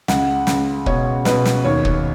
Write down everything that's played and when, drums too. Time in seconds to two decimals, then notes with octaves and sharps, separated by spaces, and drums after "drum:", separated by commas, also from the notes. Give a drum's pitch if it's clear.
0.08 C#2 F#5, drum: snare
0.47 C#2, drum: snare
0.86 B2 C#5, drum: kick
1.25 B2 B4, drum: snare
1.45 drum: snare
1.65 D#2 C#5
1.85 drum: kick